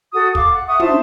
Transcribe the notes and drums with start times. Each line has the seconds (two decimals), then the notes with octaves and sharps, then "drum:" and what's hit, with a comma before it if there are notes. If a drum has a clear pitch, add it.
0.12 F#4 A4 D#6
0.35 A4 F5 D6, drum: kick
0.53 F#5
0.67 E5 F#5 C#6 D#6
0.80 C5 E5 A5, drum: tom